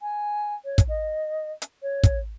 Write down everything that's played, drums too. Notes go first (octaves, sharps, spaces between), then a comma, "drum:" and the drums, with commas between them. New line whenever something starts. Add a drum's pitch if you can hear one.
G#5
C#5
drum: kick, hi-hat
D#5
drum: hi-hat
C#5
drum: kick, hi-hat